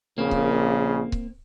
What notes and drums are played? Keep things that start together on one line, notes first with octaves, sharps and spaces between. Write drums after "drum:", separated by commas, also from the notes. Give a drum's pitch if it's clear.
A#1 C#3 A#3 C4
drum: kick C#1
drum: kick C#1